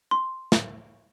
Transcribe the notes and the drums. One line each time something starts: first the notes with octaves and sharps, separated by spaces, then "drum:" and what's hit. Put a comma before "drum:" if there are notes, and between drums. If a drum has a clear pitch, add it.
C6
drum: snare